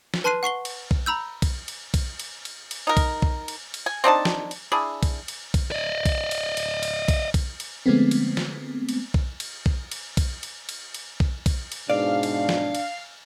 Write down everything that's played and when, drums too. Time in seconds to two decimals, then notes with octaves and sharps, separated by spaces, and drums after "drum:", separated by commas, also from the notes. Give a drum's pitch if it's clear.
0.14 drum: snare
0.24 B4 A5 C6 F#6 C7 D#7
0.43 F#5 C#6 C7 G7
0.65 drum: cymbal
0.91 drum: kick B1
1.06 A#5 B5 E6 G6
1.42 drum: kick B1, cymbal
1.68 drum: cymbal
1.94 drum: kick B1, cymbal
2.19 drum: cymbal
2.45 drum: cymbal
2.71 drum: cymbal
2.87 D#4 A#4
2.97 drum: kick B1, cymbal
3.22 drum: kick B1
3.48 drum: cymbal
3.74 drum: cymbal
3.86 G#5
4.04 C4 D4 D#4 A5
4.25 drum: snare
4.51 drum: cymbal
4.72 D4 E4 G#4
5.03 drum: kick B1, cymbal
5.28 drum: cymbal
5.54 drum: kick B1, cymbal
5.72 D5 D#5
6.05 drum: kick B1, cymbal
6.31 drum: cymbal
6.57 drum: cymbal
6.83 drum: cymbal
7.08 drum: kick B1, cymbal
7.34 drum: kick B1, cymbal
7.60 drum: cymbal
7.86 D3 F3 G#3 A3 B3 C4
8.11 drum: cymbal
8.37 drum: snare
8.89 drum: cymbal
9.14 drum: kick B1
9.40 drum: cymbal
9.66 drum: kick B1
9.92 drum: cymbal
10.17 drum: kick B1, cymbal
10.43 drum: cymbal
10.69 drum: cymbal
10.94 drum: cymbal
11.20 drum: kick B1
11.46 drum: kick B1, cymbal
11.72 drum: cymbal
11.90 G#2 B2 D4 D5 F5
12.23 drum: cymbal
12.49 drum: snare
12.75 drum: cymbal